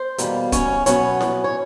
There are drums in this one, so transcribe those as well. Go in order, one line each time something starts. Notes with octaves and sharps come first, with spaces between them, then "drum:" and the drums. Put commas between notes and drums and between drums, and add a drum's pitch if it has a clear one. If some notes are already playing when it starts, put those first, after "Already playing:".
Already playing: C5
E2 B2 G3 A#3, drum: hi-hat
C#4 C#5, drum: kick, hi-hat
B2 F#3 B3 C#4 C#5, drum: hi-hat
drum: snare E4
C#5